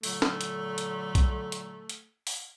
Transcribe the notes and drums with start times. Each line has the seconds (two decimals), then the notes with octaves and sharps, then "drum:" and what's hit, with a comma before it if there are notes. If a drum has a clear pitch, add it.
0.03 A#2 D3 F#3 A3, drum: open hi-hat
0.22 drum: snare
0.41 drum: hi-hat
0.78 drum: hi-hat
1.15 drum: kick B1, hi-hat
1.52 drum: hi-hat
1.89 drum: hi-hat
2.27 drum: open hi-hat